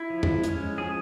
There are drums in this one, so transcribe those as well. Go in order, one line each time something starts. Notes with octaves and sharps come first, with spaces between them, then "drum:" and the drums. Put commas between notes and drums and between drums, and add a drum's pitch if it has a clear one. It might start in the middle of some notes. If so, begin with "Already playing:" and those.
Already playing: E4
F3
drum: tom
G#3 C#4, drum: hi-hat
F3 G#4